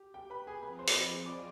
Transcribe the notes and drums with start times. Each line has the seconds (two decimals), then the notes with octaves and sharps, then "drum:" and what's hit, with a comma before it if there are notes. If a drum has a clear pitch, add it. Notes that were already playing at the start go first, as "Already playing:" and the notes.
Already playing: G4
0.14 G4 G5
0.30 B4 B5
0.47 G#4 G#5
0.62 F3 C4 F4 G#4 B4 B5
0.79 C5 C6
0.88 D6, drum: open hi-hat
0.94 D#5 D#6
1.26 D5 D6